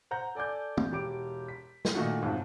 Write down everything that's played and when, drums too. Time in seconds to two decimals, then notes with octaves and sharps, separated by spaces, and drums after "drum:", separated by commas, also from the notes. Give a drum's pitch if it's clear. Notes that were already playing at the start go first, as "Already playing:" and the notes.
0.11 C5 F#5 A#5 G6
0.35 A4 D5 G#5 D6 G6
0.77 drum: tom
0.92 E1 G4 D6 D7
1.48 B6
1.85 drum: snare
1.95 A#2 D#3 A3 D#4 F#4
2.22 B1 F2 G#2